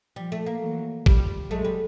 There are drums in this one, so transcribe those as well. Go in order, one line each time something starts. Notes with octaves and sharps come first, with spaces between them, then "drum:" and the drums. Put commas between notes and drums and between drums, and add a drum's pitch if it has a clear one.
F3 G3
A3
A#3
E3 F#3
F3 G3, drum: kick
F#3 G#3 A3
G3